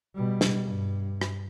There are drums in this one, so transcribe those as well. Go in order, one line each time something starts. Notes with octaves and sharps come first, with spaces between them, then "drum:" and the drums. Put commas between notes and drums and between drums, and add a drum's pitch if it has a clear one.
B2 G3
drum: snare
G2
drum: rim click